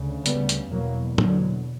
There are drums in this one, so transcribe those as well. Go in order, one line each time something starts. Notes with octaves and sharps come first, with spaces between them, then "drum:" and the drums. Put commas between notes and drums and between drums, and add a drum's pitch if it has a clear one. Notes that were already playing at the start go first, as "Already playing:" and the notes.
Already playing: D2 C#3
G3 B3, drum: hi-hat
drum: hi-hat
E2 B2 F#3 A#3
D3 F#3, drum: tom